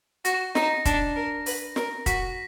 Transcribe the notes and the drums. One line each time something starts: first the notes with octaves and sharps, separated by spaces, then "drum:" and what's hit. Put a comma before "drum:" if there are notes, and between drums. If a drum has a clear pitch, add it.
F#4 A#6, drum: hi-hat
D#4, drum: snare
D4, drum: kick, hi-hat
A#4
B4, drum: open hi-hat
A#4, drum: snare
F#4 B6, drum: kick, hi-hat